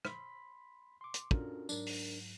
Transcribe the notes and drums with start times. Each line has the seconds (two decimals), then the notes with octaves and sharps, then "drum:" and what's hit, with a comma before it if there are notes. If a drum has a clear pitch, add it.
0.05 B5 C6 B6, drum: rim click
1.01 C6 D6
1.14 drum: hi-hat
1.31 C#4 D4 F4 F#4 A4 A#4, drum: kick
1.69 G#2 F#3 D4 A#4, drum: tambourine
1.86 drum: open hi-hat